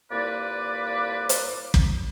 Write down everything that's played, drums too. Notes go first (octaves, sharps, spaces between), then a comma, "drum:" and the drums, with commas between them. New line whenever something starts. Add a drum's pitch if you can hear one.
C2 A#2 A#3 B4 D5 D6
drum: hi-hat
drum: kick